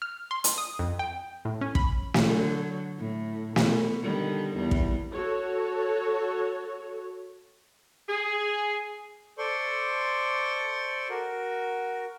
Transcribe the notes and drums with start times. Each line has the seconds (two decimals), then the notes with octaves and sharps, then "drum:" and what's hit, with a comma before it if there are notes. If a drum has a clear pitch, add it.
0.02 F6
0.31 C6
0.44 drum: hi-hat
0.58 D#6
0.79 F2
0.99 G5
1.45 A2
1.61 C#4
1.75 B5, drum: kick
2.14 drum: snare
2.28 D3 F#3
2.98 A2
3.56 B2, drum: snare
4.02 D3 D#3 G3
4.55 E2 G3
4.71 drum: kick
5.12 F#4 A4 C#5
8.09 G#4
9.38 A4 C5 D5 C6 C#6
11.10 F#4 A#4